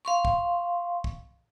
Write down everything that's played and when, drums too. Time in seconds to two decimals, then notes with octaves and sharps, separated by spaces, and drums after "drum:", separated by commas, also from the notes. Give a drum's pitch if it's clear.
0.05 F5 C6 C#6
0.25 drum: kick
1.04 drum: kick